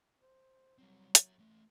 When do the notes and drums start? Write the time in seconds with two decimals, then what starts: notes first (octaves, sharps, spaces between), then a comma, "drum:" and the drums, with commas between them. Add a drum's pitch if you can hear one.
0.22 C5
0.78 F#3 G3 C4
1.15 C#5 E5, drum: hi-hat
1.39 E3 A3